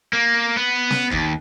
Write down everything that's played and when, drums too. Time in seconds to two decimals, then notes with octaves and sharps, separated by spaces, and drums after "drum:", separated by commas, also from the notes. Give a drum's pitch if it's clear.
0.13 A#3
0.57 B3
0.90 drum: snare
1.11 D#2, drum: kick